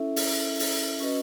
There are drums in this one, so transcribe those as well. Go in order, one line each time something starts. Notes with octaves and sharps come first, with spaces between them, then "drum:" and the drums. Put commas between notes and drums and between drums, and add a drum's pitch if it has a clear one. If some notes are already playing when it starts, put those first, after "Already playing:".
Already playing: C#4 E4 A4 E5
drum: open hi-hat
drum: open hi-hat
C#4 F#4 B4 D#5